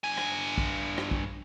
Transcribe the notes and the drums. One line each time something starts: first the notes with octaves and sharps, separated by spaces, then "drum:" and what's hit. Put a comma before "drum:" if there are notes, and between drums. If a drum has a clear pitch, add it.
G2 G#5
drum: rim click
drum: kick
drum: rim click
drum: kick